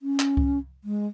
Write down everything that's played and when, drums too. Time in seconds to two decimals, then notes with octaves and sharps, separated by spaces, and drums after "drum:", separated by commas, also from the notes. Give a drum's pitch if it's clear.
0.02 C#4
0.20 drum: clap
0.37 drum: kick C2
0.84 G#3